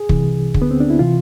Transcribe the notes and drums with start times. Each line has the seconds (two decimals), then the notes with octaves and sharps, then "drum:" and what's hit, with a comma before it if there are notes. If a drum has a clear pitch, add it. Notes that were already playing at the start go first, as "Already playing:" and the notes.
Already playing: G#4
0.09 C2 C3 E3, drum: kick
0.54 D2 D3, drum: kick
0.62 B3
0.71 C4
0.80 D4
0.90 E4
0.99 C3 E3 F4